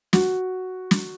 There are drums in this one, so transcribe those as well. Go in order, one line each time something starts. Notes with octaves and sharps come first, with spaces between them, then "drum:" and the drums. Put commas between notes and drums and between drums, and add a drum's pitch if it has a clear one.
F#4, drum: snare
drum: snare